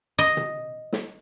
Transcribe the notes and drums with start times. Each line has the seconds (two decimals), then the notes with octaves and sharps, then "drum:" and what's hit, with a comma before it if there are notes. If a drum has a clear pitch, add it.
0.18 D#5
0.37 drum: tom
0.93 drum: snare